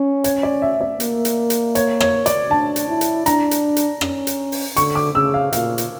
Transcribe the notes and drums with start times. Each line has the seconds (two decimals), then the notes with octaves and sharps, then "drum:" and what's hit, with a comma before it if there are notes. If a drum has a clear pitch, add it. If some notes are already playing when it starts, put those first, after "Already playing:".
Already playing: C#4
0.24 C#5, drum: hi-hat
0.43 D5
0.62 E5
0.81 D5
1.00 A#3, drum: hi-hat
1.25 drum: hi-hat
1.50 drum: hi-hat
1.75 C#5, drum: hi-hat
2.00 C#5, drum: rim click
2.26 D5, drum: hi-hat
2.50 D4 A5
2.76 drum: hi-hat
2.89 E4
3.01 drum: hi-hat
3.26 D4 A#5, drum: hi-hat
3.51 drum: hi-hat
3.76 drum: hi-hat
4.01 C#4, drum: rim click
4.27 drum: hi-hat
4.52 drum: open hi-hat
4.77 D3 C#6, drum: hi-hat
4.95 D6
5.15 C#3 E6
5.34 F5
5.53 A#2 F5, drum: hi-hat
5.78 drum: hi-hat